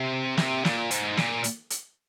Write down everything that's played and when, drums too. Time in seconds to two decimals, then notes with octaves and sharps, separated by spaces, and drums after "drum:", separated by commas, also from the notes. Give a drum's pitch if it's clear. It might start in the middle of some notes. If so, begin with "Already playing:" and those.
Already playing: C3
0.37 C3, drum: snare
0.65 A#2, drum: snare
0.91 G#2, drum: hi-hat
1.17 A#2, drum: snare
1.44 drum: hi-hat
1.70 drum: hi-hat